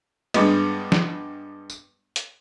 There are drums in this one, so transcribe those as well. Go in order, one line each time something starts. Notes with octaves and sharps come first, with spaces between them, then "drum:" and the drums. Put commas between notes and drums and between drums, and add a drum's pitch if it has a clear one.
G2 G#3 B3, drum: cymbal
drum: snare
drum: tambourine
drum: hi-hat